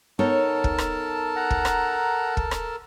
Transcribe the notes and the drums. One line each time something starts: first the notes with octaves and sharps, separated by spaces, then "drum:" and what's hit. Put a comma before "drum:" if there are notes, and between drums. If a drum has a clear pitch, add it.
B3 D#4 A4 A#4 C#5 A5
drum: kick
drum: rim click
F#5 A#5
drum: kick
drum: rim click
drum: kick
drum: rim click